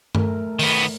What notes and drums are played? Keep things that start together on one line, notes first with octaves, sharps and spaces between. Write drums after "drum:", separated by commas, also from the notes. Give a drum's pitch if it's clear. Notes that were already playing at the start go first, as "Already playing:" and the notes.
A3 A4 A#4, drum: tom G2
D#3 B3, drum: open hi-hat